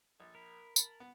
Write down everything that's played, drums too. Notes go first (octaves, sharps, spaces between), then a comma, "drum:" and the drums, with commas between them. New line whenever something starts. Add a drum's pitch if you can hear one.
A#1 A4
A#4 B5
A5 B5, drum: tambourine
B3